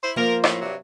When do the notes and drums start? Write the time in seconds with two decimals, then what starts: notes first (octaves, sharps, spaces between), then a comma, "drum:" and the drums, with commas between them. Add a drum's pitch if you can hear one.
0.03 E4 C5
0.16 F3 A#3 A#4 C5
0.44 A2, drum: rim click
0.62 G2 C3 F#3